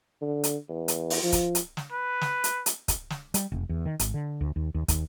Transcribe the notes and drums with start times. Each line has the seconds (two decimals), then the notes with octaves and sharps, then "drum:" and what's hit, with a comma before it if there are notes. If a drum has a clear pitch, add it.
0.22 D3
0.44 drum: hi-hat
0.69 E2
0.88 drum: hi-hat
1.10 drum: open hi-hat
1.23 F3
1.32 drum: kick, hi-hat
1.55 drum: hi-hat
1.77 drum: snare
1.92 B4
2.21 drum: snare
2.44 drum: hi-hat
2.66 drum: hi-hat
2.88 drum: kick, hi-hat
3.10 drum: snare
3.34 G3, drum: hi-hat
3.52 F1
3.69 E2
3.86 D#3
3.99 G#1, drum: hi-hat
4.14 D3
4.41 D2
4.56 D#2
4.74 D#2
4.88 D#2, drum: kick, hi-hat